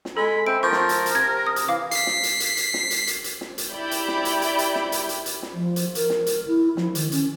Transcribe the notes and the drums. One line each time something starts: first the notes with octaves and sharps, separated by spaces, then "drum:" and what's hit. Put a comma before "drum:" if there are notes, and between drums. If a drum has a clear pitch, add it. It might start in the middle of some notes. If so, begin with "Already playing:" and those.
drum: snare
G#3 A4 B5
C4 E5 D7
F3 A#4 C#6 G6
drum: snare
drum: hi-hat
drum: hi-hat
C3 G#6 A#6
D#6
drum: hi-hat
E3 F5 D6
B6 C7, drum: hi-hat
drum: snare
drum: hi-hat
drum: hi-hat
drum: hi-hat
drum: snare
drum: hi-hat
drum: hi-hat
drum: hi-hat
drum: snare
drum: hi-hat
E4 G4 D5 B5 G6
drum: hi-hat
drum: snare
drum: hi-hat
drum: hi-hat
drum: hi-hat
drum: snare
drum: hi-hat
drum: hi-hat
drum: hi-hat
drum: snare
F3
drum: hi-hat
A#4, drum: hi-hat
drum: snare
drum: hi-hat
E4
F3, drum: snare
D#3, drum: hi-hat
C#4, drum: hi-hat